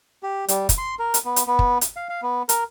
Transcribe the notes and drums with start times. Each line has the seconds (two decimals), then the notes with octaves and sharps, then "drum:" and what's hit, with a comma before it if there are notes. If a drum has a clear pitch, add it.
0.23 G4
0.48 G3, drum: hi-hat
0.69 drum: kick, hi-hat
0.78 C6
0.99 A#4
1.14 drum: hi-hat
1.25 B3
1.36 drum: hi-hat
1.47 B3
1.59 drum: kick
1.81 drum: hi-hat
1.96 F5
2.10 F5
2.23 B3
2.49 A#4, drum: hi-hat